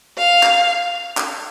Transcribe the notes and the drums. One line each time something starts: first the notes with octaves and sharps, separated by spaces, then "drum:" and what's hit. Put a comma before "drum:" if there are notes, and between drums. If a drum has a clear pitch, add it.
F5
drum: clap
drum: clap